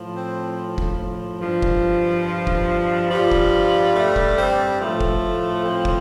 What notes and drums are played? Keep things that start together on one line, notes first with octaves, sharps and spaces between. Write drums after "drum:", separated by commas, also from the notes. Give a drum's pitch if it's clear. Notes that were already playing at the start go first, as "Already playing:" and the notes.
Already playing: A2 F3
C4
drum: kick
G2 F3
drum: kick
drum: kick
G2 F3 G3 F4
drum: kick
A3
drum: kick
C4
A2 F3 A3
drum: kick
C4
drum: kick